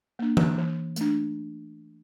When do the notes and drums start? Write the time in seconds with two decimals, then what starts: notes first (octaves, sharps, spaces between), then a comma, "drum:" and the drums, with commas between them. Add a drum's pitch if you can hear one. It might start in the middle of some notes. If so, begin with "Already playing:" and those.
0.19 A#3 D4
0.37 drum: tom E3
0.58 E3
0.96 A3 D4, drum: hi-hat